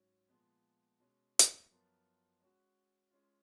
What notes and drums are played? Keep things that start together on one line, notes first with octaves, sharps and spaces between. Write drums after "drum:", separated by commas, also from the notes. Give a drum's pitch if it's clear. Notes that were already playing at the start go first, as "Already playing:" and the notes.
Already playing: G#2 F#3 C#4
A#2 F3 G#3 B3
B2 G#3 C#4
drum: hi-hat
F#2 F3 B3 F4 A#4
G#3 C#4 F#4
G#3 C#4 F4